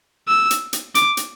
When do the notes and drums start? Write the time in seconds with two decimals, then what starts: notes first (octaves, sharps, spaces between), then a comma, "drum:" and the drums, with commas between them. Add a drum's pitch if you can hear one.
0.28 E6
0.51 drum: hi-hat
0.73 drum: hi-hat
0.95 D6, drum: hi-hat
1.17 drum: hi-hat